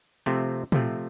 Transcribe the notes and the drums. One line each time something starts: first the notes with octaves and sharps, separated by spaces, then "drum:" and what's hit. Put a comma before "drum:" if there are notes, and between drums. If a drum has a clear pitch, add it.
C3 F3 A3 C4
C3 F3 A3 C4, drum: tom A#2